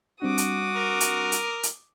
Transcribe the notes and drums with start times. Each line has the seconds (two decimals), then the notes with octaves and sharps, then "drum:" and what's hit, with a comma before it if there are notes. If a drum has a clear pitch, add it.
0.22 G3 C4 D4 F#4 D6 D#6
0.38 drum: hi-hat
0.76 A#4
1.00 drum: hi-hat
1.32 drum: hi-hat
1.63 drum: hi-hat